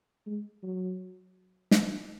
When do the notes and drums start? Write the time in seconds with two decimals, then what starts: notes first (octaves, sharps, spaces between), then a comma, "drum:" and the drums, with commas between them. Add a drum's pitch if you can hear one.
0.27 G#3
0.63 F#3
1.71 drum: snare